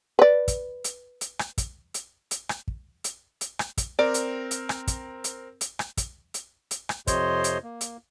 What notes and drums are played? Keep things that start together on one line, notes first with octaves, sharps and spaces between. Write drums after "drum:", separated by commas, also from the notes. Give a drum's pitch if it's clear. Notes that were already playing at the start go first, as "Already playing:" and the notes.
B4 D5
drum: kick, hi-hat
drum: hi-hat
drum: hi-hat
drum: rim click
drum: kick, hi-hat
drum: hi-hat
drum: hi-hat
drum: rim click
drum: kick
drum: hi-hat
drum: hi-hat
drum: rim click
drum: kick, hi-hat
C4 A#4 D5
drum: hi-hat
drum: hi-hat
drum: rim click
drum: kick, hi-hat
drum: hi-hat
drum: hi-hat
drum: rim click
drum: kick, hi-hat
drum: hi-hat
drum: hi-hat
drum: rim click
F2 C3 C5 C#5 D#5 C6, drum: kick, hi-hat
drum: hi-hat
A#3
drum: hi-hat